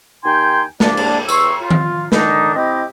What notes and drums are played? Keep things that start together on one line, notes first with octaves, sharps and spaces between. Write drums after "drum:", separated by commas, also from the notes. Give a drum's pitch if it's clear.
D#2 D#4 G5 G#5 C6
C2 A#3 D4, drum: snare
drum: cymbal
E2 C6 C#6 E6, drum: tambourine
F4
drum: tom D#3
D3 D#3 D4 D#4, drum: snare
C4 E4 G4 D#5